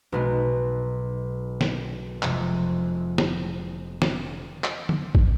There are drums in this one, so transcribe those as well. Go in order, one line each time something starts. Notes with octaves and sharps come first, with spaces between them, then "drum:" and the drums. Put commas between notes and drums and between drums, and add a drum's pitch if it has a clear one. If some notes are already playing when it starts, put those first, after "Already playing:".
B1 B2 G#3 B3
drum: snare
F1 F2 F3 G#3, drum: clap
drum: snare
drum: snare
drum: clap
drum: tom D3
drum: kick